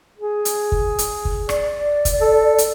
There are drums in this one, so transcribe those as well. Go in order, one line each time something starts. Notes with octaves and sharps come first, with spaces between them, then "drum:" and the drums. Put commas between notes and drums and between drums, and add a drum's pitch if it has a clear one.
G#4
drum: hi-hat
drum: kick
drum: hi-hat
drum: kick
D5, drum: rim click
drum: kick, hi-hat
A4
drum: hi-hat